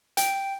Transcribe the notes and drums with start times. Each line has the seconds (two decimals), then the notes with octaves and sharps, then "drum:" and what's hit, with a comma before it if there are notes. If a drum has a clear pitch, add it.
0.17 G5, drum: hi-hat